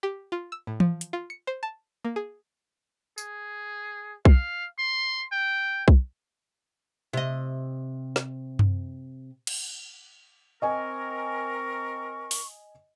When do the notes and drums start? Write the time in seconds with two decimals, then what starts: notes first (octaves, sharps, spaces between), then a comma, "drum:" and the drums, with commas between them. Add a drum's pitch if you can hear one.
0.03 G4
0.32 F4
0.52 E6
0.67 A2
0.80 F3, drum: tom E3
1.01 drum: hi-hat
1.13 F4
1.30 C#7
1.47 C5
1.63 A5
2.05 A#3
2.16 G#4
3.18 G#4, drum: tambourine
4.25 F5, drum: kick B1
4.79 C6
5.32 G5
5.88 drum: kick B1
7.13 C3 D#5
8.16 drum: snare
8.59 drum: tom F#2
9.47 drum: cymbal
10.62 C4 A#4 D#5 G#5 C#6
12.31 drum: open hi-hat